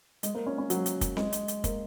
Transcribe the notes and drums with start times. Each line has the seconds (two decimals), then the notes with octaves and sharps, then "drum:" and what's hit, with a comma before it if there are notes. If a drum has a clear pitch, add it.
0.23 G#3, drum: hi-hat
0.35 A#3
0.47 C#4
0.58 C#4
0.70 F#3, drum: hi-hat
0.86 drum: hi-hat
1.01 drum: kick, hi-hat
1.17 G#3, drum: snare C4
1.33 drum: hi-hat
1.48 drum: hi-hat
1.64 A#3, drum: kick, hi-hat